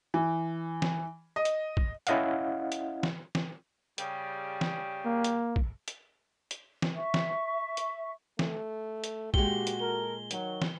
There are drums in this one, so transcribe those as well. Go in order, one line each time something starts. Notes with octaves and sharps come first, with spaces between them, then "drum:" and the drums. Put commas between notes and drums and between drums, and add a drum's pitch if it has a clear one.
E3
drum: snare
D#5
drum: hi-hat
drum: kick
C#4 E4 D#5 F5 F#5, drum: hi-hat
drum: hi-hat
drum: snare
drum: snare
C#3 G3, drum: hi-hat
drum: snare
A#3
drum: hi-hat
drum: kick
drum: hi-hat
drum: hi-hat
drum: snare
E5 C#6
drum: snare
drum: hi-hat
A3, drum: snare
drum: hi-hat
A#2 G#3 F#4 G4 G7, drum: kick
drum: hi-hat
A4 A#4 G7
D#3 F#3, drum: hi-hat
drum: snare